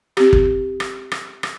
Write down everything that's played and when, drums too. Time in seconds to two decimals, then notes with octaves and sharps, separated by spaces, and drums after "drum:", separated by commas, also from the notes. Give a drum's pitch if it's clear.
0.17 C4 G4, drum: rim click
0.33 drum: kick
0.80 drum: rim click
1.12 drum: rim click
1.43 drum: rim click